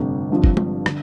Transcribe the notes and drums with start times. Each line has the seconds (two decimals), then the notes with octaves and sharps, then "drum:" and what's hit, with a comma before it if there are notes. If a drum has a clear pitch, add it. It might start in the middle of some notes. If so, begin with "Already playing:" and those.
Already playing: G1 F2 C3 A3
0.31 G1 G2 F3 C4 F4
0.44 drum: kick
0.57 drum: tom G#3
0.86 D3, drum: rim click